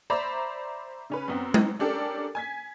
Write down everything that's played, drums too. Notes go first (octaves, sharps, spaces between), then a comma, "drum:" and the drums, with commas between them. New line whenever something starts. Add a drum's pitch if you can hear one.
C5 D5 E5 A#5 B5
C#3 C#4 B4
F#2 B3 C4
drum: tom G#3
C#4 D4 G4 A4 A#4 D5
G#5 G#6 B6